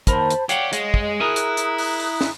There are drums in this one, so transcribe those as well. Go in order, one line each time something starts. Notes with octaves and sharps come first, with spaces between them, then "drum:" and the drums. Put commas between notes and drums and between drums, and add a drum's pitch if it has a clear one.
D#2 A#4 C5 A5 B5, drum: kick, hi-hat
drum: hi-hat
G4 C#5 D5 F5 F#5, drum: hi-hat
G#3 D#5, drum: hi-hat
drum: kick
E4 G#4 A#4 G#5 A#5 D#6 F#6
drum: hi-hat
drum: hi-hat
drum: open hi-hat
drum: open hi-hat
drum: snare